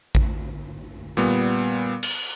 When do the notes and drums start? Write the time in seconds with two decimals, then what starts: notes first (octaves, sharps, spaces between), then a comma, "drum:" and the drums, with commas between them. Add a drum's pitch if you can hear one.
0.15 drum: kick A1
1.17 A#2 G3 B3
2.03 drum: cymbal